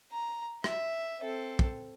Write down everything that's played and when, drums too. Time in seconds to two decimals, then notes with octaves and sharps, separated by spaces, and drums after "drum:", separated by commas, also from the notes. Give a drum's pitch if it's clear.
0.12 A#5
0.64 E5, drum: rim click
1.21 C4 A4
1.59 drum: kick